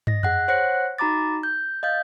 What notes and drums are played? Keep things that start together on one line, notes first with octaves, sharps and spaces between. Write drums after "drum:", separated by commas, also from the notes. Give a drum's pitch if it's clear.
D#5 A#6, drum: tom
G#4 F#5 F#6, drum: tom
C5 C#5 F#5 F#6 A#6 C#7
D#4 F#4 A#5 B5 D6 A6
G6
D#5 F5 G6 A6